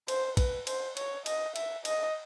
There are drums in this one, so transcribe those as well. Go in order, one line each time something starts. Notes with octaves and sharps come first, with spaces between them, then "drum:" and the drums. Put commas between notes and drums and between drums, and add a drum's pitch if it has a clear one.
C5, drum: cymbal
B4, drum: kick, cymbal
C5, drum: cymbal
C#5, drum: cymbal
D#5, drum: cymbal
E5, drum: cymbal
D#5, drum: cymbal